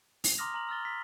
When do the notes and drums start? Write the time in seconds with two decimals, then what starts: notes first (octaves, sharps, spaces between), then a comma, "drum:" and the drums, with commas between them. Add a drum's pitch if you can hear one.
0.24 F7, drum: open hi-hat
0.38 A#5 C6 D6 D#6 F6 A#6
0.54 A#5 F#7
0.69 E6 F6 A6 G7
0.85 B6